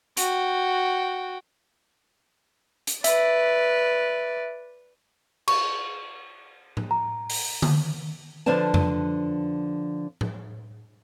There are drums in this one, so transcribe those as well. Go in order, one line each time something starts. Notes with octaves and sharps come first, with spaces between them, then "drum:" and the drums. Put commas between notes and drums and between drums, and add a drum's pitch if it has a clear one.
F#4 G5, drum: hi-hat
drum: hi-hat
B4 D5 E5, drum: hi-hat
C#6, drum: cymbal
drum: tom A2
A#5
drum: open hi-hat
drum: tom D3
D3 F3 D4 B4 D5 A5
drum: tom F2
drum: tom A2